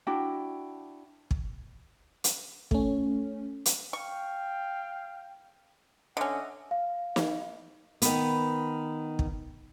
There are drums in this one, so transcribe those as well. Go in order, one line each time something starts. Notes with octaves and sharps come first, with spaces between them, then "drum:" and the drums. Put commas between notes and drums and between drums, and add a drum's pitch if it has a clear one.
D4 E4 F#4 G5
drum: kick
drum: hi-hat
A3 C#4, drum: kick
drum: hi-hat
F5 G5 C#6
D3 C#4 D#5 E5 F#5
F5
drum: snare
D#3 B3, drum: hi-hat
drum: kick